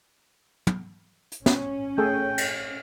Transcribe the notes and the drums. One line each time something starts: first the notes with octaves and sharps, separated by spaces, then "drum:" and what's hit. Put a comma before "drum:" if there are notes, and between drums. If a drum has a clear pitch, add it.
drum: tom
drum: hi-hat
C#4, drum: snare
A3 G#4 A4 G5
drum: cymbal